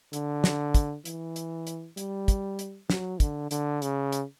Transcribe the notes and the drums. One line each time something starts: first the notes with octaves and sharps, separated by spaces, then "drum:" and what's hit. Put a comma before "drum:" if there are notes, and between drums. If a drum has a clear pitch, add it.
D3, drum: hi-hat
drum: snare
drum: kick, hi-hat
E3, drum: hi-hat
drum: hi-hat
drum: hi-hat
G3, drum: hi-hat
drum: kick, hi-hat
drum: hi-hat
F#3, drum: snare
D3, drum: kick, hi-hat
D3, drum: hi-hat
C#3, drum: hi-hat
drum: hi-hat